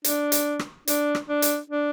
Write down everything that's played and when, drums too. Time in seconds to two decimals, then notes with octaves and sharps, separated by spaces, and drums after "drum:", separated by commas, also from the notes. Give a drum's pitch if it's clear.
0.04 D4, drum: hi-hat
0.32 drum: hi-hat
0.59 drum: rim click
0.88 D4, drum: hi-hat
1.15 drum: rim click
1.29 D4
1.42 drum: hi-hat
1.70 D4